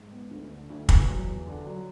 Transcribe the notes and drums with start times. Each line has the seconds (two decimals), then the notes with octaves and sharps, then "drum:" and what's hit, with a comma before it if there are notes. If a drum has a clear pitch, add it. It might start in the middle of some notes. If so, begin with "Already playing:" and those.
Already playing: G#2
0.12 B3
0.31 D2
0.50 D3
0.70 D2
0.89 E2, drum: kick
1.08 F#3
1.27 E2
1.47 D3
1.66 F#3